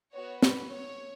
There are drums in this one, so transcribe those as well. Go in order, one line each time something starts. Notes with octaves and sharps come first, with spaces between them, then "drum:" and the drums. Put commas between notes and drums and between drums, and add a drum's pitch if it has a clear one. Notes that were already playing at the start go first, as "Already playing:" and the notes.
B3 F#4 C#5
B4, drum: snare
C#5